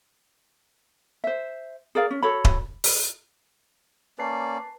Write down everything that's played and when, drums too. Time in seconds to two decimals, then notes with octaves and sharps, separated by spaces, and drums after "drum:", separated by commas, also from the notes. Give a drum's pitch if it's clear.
1.24 C5 E5
1.95 G#4 A#4 D5 F5
2.11 C#4
2.23 F#4 A4 C#5 B5
2.45 drum: kick D#1
2.84 drum: open hi-hat
4.19 A#3 C#4 B4 D5 A5 C7